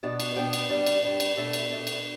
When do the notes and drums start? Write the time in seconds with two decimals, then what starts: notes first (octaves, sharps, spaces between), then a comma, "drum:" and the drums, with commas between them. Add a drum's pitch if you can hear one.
0.03 B2 B3 D4 A5
0.20 drum: cymbal
0.36 B2 B3 D4 G5
0.53 drum: cymbal
0.70 G2 G3 D4 D5
0.86 drum: cymbal
1.03 G2 G3 D4
1.20 drum: cymbal
1.36 B2 A3 D4 E5
1.53 drum: cymbal
1.70 B2 A3 D4
1.87 drum: cymbal